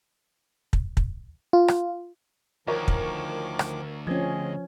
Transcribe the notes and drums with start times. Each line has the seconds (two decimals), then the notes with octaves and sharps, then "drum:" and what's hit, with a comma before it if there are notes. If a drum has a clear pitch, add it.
0.73 drum: kick
0.97 drum: kick
1.53 F4
1.68 drum: rim click
2.67 D2 D#3 F3 A#4 C#5 D6
2.88 drum: kick
3.59 drum: rim click
4.07 F3 C4 C#4 G#4 D#5 G#6